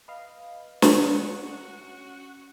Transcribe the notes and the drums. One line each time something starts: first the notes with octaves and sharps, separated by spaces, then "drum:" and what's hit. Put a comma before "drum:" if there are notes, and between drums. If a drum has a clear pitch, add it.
B4 D#5 F5
C4 F#4, drum: snare
C#4